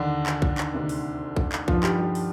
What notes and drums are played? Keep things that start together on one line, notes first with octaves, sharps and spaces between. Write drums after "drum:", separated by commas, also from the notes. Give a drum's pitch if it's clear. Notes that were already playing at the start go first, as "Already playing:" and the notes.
Already playing: D#2 D3 D#3 D4
drum: clap
drum: kick
drum: clap
D2 C3 D#3
drum: open hi-hat
drum: kick
drum: clap
G2 D#3 F3 F4, drum: kick
G3 G4, drum: clap
G3 G4
drum: open hi-hat